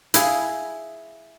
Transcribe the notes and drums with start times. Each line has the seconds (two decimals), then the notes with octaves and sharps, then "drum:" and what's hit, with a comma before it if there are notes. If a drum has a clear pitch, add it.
0.14 E4 G#4 F5, drum: hi-hat